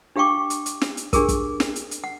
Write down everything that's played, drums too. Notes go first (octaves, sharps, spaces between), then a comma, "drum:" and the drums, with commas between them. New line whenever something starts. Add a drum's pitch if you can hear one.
D4 G4 F5 G5 C#6 D6
drum: hi-hat
drum: hi-hat
drum: snare
drum: hi-hat
D4 G4 G#4 A#4, drum: kick, hi-hat
drum: kick, hi-hat
drum: snare
drum: hi-hat
drum: hi-hat
F#5